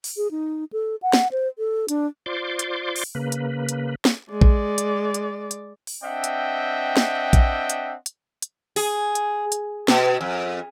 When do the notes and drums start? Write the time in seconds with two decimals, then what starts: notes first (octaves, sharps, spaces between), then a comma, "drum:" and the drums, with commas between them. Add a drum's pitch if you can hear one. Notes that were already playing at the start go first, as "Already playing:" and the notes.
0.04 drum: open hi-hat
0.17 G#4
0.31 D#4
0.73 A4
1.02 F#5
1.13 drum: snare
1.31 C5
1.58 A4
1.88 D4, drum: hi-hat
2.26 F4 C5 D5 C6 D6
2.59 drum: hi-hat
2.96 drum: open hi-hat
3.15 C#3 A#3 B4
3.32 drum: hi-hat
3.69 drum: hi-hat
4.05 drum: snare
4.31 G#3 D5
4.41 drum: kick A#1
4.78 drum: hi-hat
5.14 drum: hi-hat
5.51 drum: hi-hat
5.87 drum: open hi-hat
6.04 C4 D4 D#5 E5 F#5 G5
6.24 drum: hi-hat
6.97 drum: snare
7.33 drum: kick A#1, hi-hat
7.70 drum: hi-hat
8.06 drum: hi-hat
8.42 drum: hi-hat
8.76 G#4, drum: open hi-hat
9.15 drum: hi-hat
9.52 drum: hi-hat
9.88 B2, drum: snare
10.21 F2